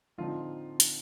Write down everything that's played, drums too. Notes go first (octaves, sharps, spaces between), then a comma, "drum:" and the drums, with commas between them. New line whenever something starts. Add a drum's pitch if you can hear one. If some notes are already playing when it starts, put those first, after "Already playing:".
F2 D3 F3 C4 D#4 F4
drum: hi-hat